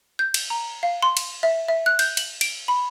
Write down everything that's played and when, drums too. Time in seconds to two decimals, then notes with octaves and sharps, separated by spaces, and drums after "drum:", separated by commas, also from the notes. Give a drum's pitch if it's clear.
0.19 G6
0.34 drum: cymbal
0.50 A#5
0.83 F5
1.03 C6
1.17 drum: cymbal
1.43 E5
1.68 E5
1.86 F#6
1.99 G6, drum: cymbal
2.17 F#7, drum: cymbal
2.41 D7, drum: cymbal
2.68 B5